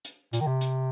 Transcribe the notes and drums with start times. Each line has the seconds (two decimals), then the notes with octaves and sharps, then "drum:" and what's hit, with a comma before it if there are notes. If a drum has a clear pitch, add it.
0.05 drum: hi-hat
0.33 A#2, drum: hi-hat
0.41 D#3
0.47 C3
0.61 drum: hi-hat